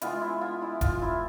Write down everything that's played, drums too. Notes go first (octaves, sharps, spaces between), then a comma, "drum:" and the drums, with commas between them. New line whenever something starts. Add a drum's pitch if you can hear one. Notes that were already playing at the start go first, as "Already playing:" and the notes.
E3 G#3 B3 E4 F4, drum: hi-hat
E4
F4
E4
F4, drum: kick E1, hi-hat
E4